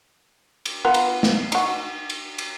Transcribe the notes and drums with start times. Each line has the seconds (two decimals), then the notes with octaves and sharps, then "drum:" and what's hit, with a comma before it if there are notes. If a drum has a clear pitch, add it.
0.65 drum: cymbal
0.85 B3 F4 A#4
0.94 drum: cymbal
1.23 drum: snare
1.52 D#4 F#4, drum: cymbal
2.10 drum: cymbal
2.38 drum: cymbal